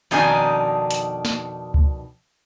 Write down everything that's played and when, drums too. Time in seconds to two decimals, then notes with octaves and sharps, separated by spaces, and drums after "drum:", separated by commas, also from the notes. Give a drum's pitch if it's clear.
0.11 F2 B2 D#3 D4 D#4 G#5
0.91 drum: hi-hat
1.25 drum: snare
1.74 drum: kick C#2